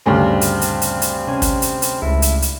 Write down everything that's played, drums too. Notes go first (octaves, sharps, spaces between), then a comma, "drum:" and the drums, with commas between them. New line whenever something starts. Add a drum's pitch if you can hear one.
D2 G2 A#2 C#3 C4
drum: hi-hat
drum: hi-hat
drum: hi-hat
drum: hi-hat
C3 C#4 G#5
drum: kick, hi-hat
drum: hi-hat
drum: hi-hat
C#2 A3 E4
drum: hi-hat
drum: hi-hat